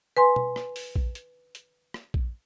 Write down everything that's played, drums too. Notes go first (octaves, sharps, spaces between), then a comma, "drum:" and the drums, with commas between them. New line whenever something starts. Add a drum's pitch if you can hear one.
B4 G#5 C6
drum: tom B2
drum: rim click
drum: open hi-hat
drum: kick A#1
drum: hi-hat
drum: hi-hat
drum: rim click
drum: kick A#1